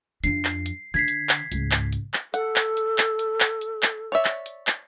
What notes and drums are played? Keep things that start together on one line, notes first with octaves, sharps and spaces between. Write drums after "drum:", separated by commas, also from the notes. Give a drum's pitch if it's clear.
F2 D4 C7, drum: hi-hat
drum: clap
drum: hi-hat
D3 G#6 B6 C7
drum: hi-hat
drum: clap
C#2 G#2, drum: hi-hat
drum: clap
drum: hi-hat
drum: clap
A4 F#5, drum: hi-hat
drum: clap
drum: hi-hat
drum: clap
drum: hi-hat
drum: clap
drum: hi-hat
drum: clap
C#5 D5 E5
drum: clap
drum: hi-hat
drum: clap